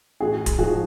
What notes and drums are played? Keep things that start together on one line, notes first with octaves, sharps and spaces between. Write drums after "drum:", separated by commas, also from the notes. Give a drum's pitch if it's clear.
A1 F#4 G#4
drum: kick, hi-hat
G#2 F3 F#4 G#4